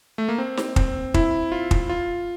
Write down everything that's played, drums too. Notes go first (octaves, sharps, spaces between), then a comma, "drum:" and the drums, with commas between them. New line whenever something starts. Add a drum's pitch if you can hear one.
A3
A#3
C4
drum: snare
C4, drum: kick
E4, drum: kick
F4
drum: kick
F4